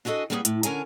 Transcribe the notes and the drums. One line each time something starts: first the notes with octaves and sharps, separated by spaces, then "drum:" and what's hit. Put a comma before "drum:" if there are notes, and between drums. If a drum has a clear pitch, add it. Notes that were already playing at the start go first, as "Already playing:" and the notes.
D4 F#4 G#4 A4 D#5
G3 A#3 B3 C#4 F#4 G#4
A2, drum: hi-hat
D3 C#4 A#4 G#5 A5, drum: hi-hat